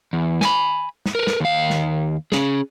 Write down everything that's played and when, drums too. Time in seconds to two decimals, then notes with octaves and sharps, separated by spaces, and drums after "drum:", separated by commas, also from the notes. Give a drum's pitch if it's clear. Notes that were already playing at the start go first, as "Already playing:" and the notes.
0.13 E2
0.41 G#5 B5, drum: snare
1.06 drum: snare
1.15 A#4 B4
1.27 drum: snare
1.40 D#2 F5
1.70 drum: snare
2.32 C#4 G#4, drum: snare